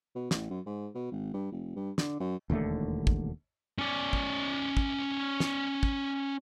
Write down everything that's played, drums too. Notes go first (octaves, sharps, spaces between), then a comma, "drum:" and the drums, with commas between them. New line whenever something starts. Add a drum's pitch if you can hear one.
B2
A1, drum: snare
F#2
G#2
B2
G#1
G2
F1
G2
D3, drum: snare
F#2
E1 D#2 D3 A3
drum: kick
C#4 D5
drum: kick
drum: kick
drum: snare
drum: kick